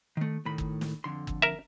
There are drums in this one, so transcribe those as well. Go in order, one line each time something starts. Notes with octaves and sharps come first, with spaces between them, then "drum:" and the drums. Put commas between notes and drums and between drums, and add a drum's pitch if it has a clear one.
D#3 A3
A2 D#3 B5
drum: kick
drum: snare
F2 D3 C6
drum: kick
A#4 E5